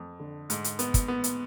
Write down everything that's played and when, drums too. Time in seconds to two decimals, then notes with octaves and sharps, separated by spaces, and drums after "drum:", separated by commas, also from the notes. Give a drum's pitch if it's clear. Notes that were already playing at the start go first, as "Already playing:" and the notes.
Already playing: F2
0.20 D3
0.50 G#2, drum: hi-hat
0.64 drum: hi-hat
0.79 B3, drum: hi-hat
0.94 drum: kick, hi-hat
1.08 B3
1.24 drum: hi-hat